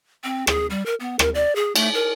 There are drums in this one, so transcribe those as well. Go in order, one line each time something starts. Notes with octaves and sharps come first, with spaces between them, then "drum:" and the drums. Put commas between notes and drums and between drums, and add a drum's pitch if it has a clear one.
C4
G#4, drum: rim click
G3
A#4
B3
A#4, drum: rim click
D5
G#4
A3, drum: cymbal
A#4